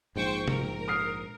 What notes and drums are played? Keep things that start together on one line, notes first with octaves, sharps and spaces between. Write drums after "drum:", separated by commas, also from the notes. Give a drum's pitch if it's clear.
A#1 G#2 C5 G5 C#6
A#4, drum: tom C3
D#6 F6 C7